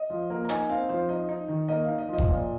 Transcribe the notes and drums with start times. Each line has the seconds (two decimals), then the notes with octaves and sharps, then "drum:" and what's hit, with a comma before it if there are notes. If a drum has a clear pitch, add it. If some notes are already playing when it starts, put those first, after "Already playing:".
Already playing: D#5
0.10 F3
0.30 A#3
0.45 A#5
0.49 D#4 G#5, drum: hi-hat
0.69 C4 F5
0.89 F3 C5
1.09 D#4 D#5
1.29 D#4
1.48 D#3
1.68 A#3 D#5
1.84 D#4 F5
1.98 D#5
2.09 F3 D#5
2.18 drum: kick F#1
2.28 A#2